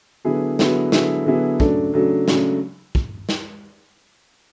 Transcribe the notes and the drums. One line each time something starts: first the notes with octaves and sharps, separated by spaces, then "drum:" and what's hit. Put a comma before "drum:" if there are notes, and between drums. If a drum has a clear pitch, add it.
D3 F#3 B3 E4 G#4
D3 F#3 B3 E4 G#4, drum: snare
D3 F#3 B3 E4 G#4, drum: snare
D3 F#3 B3 E4 G#4
C#3 F#3 A3 D4 A4, drum: kick
C#3 F#3 A3 D4 A4
C#3 F#3 A3 D4 A4, drum: snare
drum: kick
drum: snare